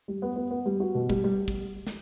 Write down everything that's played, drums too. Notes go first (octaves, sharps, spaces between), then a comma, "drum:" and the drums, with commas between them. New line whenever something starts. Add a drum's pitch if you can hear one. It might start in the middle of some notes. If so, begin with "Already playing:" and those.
G3
B3
B3
B3
G3
F#4
B2
G3, drum: kick
G3
drum: kick
drum: snare